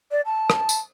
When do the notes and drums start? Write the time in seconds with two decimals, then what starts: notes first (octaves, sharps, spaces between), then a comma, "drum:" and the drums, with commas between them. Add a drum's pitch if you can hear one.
0.11 D5
0.25 A5
0.50 drum: rim click
0.69 drum: tambourine